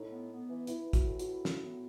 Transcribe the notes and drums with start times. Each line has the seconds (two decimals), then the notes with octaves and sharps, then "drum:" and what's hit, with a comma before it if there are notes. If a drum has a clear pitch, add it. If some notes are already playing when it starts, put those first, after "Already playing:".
Already playing: A2 D#4
0.10 B3
0.30 B3
0.49 E3
0.67 E3 E4, drum: hi-hat
0.88 E3
0.93 F#4, drum: kick, hi-hat
1.06 A2
1.19 F#4, drum: hi-hat
1.25 E4
1.45 A2, drum: snare
1.64 B3